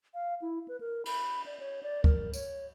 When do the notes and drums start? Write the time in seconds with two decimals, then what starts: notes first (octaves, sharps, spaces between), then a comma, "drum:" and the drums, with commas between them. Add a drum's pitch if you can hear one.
0.14 F5
0.42 E4
0.68 B4
0.81 A#4
1.06 B5, drum: cymbal
1.46 D5
1.60 C#5
1.83 D5
2.04 A#4, drum: kick C#2
2.34 C#5, drum: tambourine